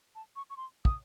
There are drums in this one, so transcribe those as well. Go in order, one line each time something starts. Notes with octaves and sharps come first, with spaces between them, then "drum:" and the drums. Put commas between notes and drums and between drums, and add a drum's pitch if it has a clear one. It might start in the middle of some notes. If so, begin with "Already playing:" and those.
A5
C#6
C#6
C6
D#6, drum: kick